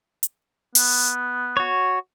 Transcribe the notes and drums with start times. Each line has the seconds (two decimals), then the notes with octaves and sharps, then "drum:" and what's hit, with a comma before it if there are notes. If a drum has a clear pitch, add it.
0.23 drum: hi-hat
0.75 B3, drum: open hi-hat
1.57 F#4 C#5